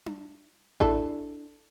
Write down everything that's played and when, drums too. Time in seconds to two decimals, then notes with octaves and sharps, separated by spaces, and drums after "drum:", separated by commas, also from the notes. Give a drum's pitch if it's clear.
0.06 drum: tom D4
0.80 D4 E4 A4, drum: kick A1